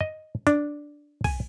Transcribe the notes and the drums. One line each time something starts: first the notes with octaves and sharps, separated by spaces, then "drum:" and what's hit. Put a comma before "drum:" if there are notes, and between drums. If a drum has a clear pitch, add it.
D#5
D4, drum: hi-hat
G#5, drum: kick, open hi-hat